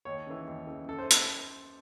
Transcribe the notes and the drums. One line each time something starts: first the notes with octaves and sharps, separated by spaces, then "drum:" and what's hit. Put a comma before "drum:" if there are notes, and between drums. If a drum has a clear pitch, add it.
D#2 C#5
C#3 E3
D#2
C#3 E3
F#2 A4
C5
drum: hi-hat